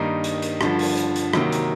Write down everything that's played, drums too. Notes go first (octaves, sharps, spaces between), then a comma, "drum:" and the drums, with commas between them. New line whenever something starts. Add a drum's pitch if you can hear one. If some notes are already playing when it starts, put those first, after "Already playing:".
Already playing: G2 D#3 G3 A#3 D#4
drum: hi-hat
drum: hi-hat
G2 D3 F3, drum: rim click
drum: open hi-hat
drum: hi-hat
drum: hi-hat
C3 D#3 F#3 A#3, drum: rim click
drum: hi-hat